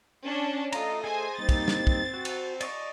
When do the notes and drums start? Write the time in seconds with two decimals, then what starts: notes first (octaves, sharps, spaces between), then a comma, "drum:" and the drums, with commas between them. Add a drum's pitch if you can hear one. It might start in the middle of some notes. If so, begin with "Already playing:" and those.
0.24 C#4 D4 A5
0.72 A3 F4 D#5 A#5, drum: cymbal
1.04 G#4 C5 D#5 G#5
1.38 G3 A#3 C4 D#4 A6
1.49 drum: kick, cymbal
1.68 drum: snare
1.87 drum: kick
2.14 F#4
2.25 drum: cymbal
2.61 D5 D#5 C#6, drum: cymbal